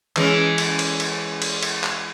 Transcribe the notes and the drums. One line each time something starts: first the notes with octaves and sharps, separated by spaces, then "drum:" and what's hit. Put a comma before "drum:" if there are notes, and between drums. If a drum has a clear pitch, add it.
E3 G#3 C#4, drum: clap
drum: cymbal
drum: cymbal
drum: cymbal
drum: cymbal
drum: cymbal
drum: clap